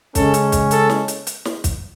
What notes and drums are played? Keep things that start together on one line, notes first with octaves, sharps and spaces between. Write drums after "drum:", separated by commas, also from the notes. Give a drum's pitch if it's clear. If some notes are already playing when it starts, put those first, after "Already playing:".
C#3 G#3 C#4 A4, drum: kick, hi-hat
drum: hi-hat
drum: kick, hi-hat
A4, drum: hi-hat
drum: snare
drum: hi-hat
drum: hi-hat
drum: snare
drum: kick, hi-hat